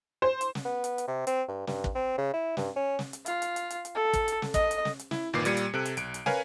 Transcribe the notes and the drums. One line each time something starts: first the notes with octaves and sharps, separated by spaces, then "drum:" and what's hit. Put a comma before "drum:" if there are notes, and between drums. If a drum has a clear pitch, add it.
C5
drum: hi-hat
drum: snare
B3
drum: hi-hat
drum: hi-hat
C3
C4, drum: hi-hat
G2
G2, drum: snare
drum: kick
C4
C#3
E4
G2, drum: snare
C#4
drum: snare
drum: hi-hat
F4, drum: hi-hat
drum: hi-hat
drum: hi-hat
drum: hi-hat
drum: hi-hat
A4
drum: kick, hi-hat
drum: hi-hat
drum: snare
D#5, drum: kick, hi-hat
drum: hi-hat
drum: snare
drum: hi-hat
E4, drum: snare
G1 A#2 D#3 B4 D6 C7
A#2 G3 G#6 C#7 D#7, drum: hi-hat
drum: hi-hat
C3 A4 F#6 D7
drum: hi-hat
B1 D7, drum: hi-hat
drum: hi-hat
A#4 B4 C#5 F5 G#5, drum: snare